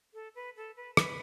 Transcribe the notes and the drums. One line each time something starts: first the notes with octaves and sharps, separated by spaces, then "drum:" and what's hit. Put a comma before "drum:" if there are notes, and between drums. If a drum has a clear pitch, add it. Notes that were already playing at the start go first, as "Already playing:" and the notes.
A4
B4
A4
B4
B4, drum: rim click